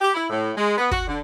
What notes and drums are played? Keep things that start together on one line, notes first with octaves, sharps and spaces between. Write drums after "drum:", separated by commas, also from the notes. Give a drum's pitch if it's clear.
G4
E4
A2
G#3
B3
F#4, drum: kick
D3